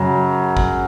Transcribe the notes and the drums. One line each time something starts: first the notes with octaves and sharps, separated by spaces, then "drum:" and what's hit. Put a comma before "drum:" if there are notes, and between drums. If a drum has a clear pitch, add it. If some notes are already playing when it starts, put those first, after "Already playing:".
Already playing: F#2 C#3 F#3
drum: kick G#1